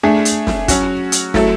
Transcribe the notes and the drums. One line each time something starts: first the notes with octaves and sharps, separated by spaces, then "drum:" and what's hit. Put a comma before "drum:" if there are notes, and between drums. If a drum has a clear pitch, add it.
A3 D4 G#4
drum: hi-hat
drum: snare
F#3 C#4 F#4, drum: kick, hi-hat
drum: hi-hat
F#3 A3 E4 A4, drum: snare